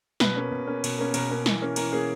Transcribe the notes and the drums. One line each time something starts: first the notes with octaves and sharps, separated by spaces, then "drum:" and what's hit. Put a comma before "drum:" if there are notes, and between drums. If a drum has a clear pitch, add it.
B2 B4, drum: snare
A#3 C#4
B2
A#3 C#4
B2, drum: cymbal
A#3 C#4
B2 A#4, drum: cymbal
A#3 C#4
E3, drum: snare
A#3 C#4
E3 A#4, drum: cymbal
A#3 C#4 G#4